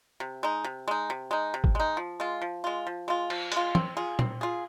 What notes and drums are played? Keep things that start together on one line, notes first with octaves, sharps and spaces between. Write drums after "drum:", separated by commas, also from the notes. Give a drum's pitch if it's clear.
C3
G#3 D#4
C3
G#3 D#4
C3
G#3 D#4
C3
drum: kick G#1
G#3 D#4
F3
G#3 F4
F3
G#3 F4
F3
G#3 F4
F3, drum: cymbal
G#3 F4, drum: hi-hat
C4, drum: tom
F4 G#4
C4, drum: tom
F4 G#4